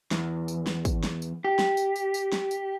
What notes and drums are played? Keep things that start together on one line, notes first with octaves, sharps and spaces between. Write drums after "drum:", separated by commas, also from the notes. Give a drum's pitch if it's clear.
E2, drum: snare
drum: tambourine
drum: snare
drum: kick, tambourine
drum: snare
drum: tambourine
G4
drum: snare
drum: tambourine
drum: tambourine
drum: tambourine
drum: snare
drum: tambourine